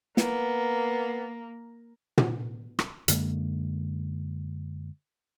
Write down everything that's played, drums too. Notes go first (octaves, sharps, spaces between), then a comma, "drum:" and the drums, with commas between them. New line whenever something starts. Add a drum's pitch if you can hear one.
A#3 B3, drum: snare
drum: tom
drum: rim click
F#2 D3 G#3 A#3, drum: hi-hat